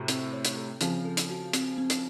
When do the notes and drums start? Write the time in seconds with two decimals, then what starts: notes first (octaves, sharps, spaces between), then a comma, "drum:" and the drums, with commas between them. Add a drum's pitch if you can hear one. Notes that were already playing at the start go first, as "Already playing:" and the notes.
Already playing: A2 C3 F#4
0.08 C4, drum: hi-hat
0.33 C#5
0.45 drum: hi-hat
0.57 A4
0.81 C#3 F3 C4, drum: hi-hat
1.05 A4
1.17 drum: hi-hat
1.30 F#4
1.53 C4, drum: hi-hat
1.78 C4
1.90 drum: hi-hat